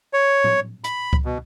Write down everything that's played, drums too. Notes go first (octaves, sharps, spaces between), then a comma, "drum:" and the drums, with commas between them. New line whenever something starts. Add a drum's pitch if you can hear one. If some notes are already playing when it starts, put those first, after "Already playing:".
C#5
drum: tom
B5, drum: hi-hat
drum: kick C#2
B2